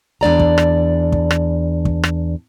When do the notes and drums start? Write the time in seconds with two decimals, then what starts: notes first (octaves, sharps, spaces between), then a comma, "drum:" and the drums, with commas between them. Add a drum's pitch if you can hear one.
0.21 E2 D4 D5 A#5
0.39 drum: kick
0.58 drum: rim click
1.12 drum: kick
1.31 drum: rim click
1.85 drum: kick
2.03 drum: rim click